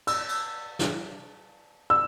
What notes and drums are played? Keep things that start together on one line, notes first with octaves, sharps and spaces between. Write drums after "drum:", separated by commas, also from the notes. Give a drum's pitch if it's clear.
E6, drum: cymbal
drum: cymbal
drum: snare
E6